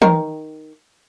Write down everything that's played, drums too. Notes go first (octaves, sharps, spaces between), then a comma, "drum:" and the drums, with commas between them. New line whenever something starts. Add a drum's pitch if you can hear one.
D#3 A#4, drum: tom